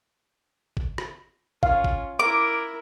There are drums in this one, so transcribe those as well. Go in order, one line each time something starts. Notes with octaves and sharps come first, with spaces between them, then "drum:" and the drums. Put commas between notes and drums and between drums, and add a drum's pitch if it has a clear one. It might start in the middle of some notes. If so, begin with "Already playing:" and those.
drum: kick
drum: rim click
C#4 F4 F5, drum: kick
drum: kick
E4 A#4 D6